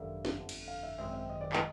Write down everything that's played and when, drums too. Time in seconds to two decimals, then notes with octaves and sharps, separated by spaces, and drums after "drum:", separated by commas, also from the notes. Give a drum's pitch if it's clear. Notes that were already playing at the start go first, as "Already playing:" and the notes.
Already playing: G#1 F#2 D3 G3 A#3 E5
0.25 drum: snare
0.37 G1 F2 D3
0.49 drum: cymbal
0.68 F5
0.83 E5
0.98 G#1 F#2 D#3 G#3 C4 E5
1.13 E5
1.29 D#5
1.41 D5
1.53 D#5, drum: clap